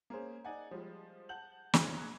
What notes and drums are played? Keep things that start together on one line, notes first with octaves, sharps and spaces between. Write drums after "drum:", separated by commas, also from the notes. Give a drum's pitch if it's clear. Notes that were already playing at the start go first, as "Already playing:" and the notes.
A#3 C#4 G#4 C5
D#4 D5 F#5 G#5
F3 G3 G#3
F#5 A5 G6 F#7
A1 F2, drum: snare
A#5 F#6 G#6